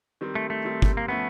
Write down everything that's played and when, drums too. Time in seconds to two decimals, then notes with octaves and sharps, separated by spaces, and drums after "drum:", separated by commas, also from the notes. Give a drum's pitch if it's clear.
0.21 D#3 G3 C4
0.35 A3
0.50 A3
0.65 D#3 G3 C4
0.82 drum: kick
0.97 A#3
1.08 F3 A3 B3 C#4